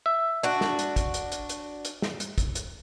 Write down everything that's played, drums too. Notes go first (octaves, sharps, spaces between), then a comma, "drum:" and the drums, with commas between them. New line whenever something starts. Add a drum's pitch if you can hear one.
E5
D4 F#4
drum: snare
drum: hi-hat
drum: kick, hi-hat
drum: hi-hat
drum: hi-hat
drum: hi-hat
drum: hi-hat
drum: snare
drum: hi-hat
drum: kick, hi-hat
drum: hi-hat